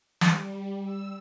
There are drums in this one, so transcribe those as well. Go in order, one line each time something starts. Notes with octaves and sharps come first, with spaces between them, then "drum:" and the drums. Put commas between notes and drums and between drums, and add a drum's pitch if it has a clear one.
G3, drum: snare
E6